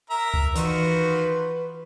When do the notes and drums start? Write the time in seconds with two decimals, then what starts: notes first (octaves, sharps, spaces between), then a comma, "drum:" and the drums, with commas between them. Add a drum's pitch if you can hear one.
0.10 A#4 E5 A#5
0.34 drum: kick C#2
0.56 D#3 E3 F4 F#4 B4, drum: hi-hat